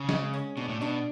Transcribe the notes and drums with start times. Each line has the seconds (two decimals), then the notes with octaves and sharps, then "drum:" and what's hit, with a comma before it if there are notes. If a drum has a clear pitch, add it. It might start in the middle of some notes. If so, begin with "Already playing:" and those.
Already playing: C#3
0.09 G#3, drum: snare
0.34 C#4
0.57 B2 D4
0.69 A2
0.81 B2 D4